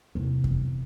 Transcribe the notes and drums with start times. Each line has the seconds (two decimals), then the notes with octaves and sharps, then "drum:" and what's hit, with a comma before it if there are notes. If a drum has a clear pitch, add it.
0.15 E2 C3
0.44 drum: kick F2